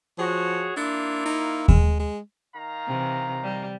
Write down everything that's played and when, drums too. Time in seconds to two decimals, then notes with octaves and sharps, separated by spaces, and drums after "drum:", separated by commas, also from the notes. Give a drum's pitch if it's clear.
0.18 F3 F#4 G#4 C#5
0.77 A#3 D4 E4 F4
1.26 D#4
1.68 G#3, drum: kick D#2
2.00 G#3
2.55 D#3 F5 A#5
2.87 C3 E3
3.43 G3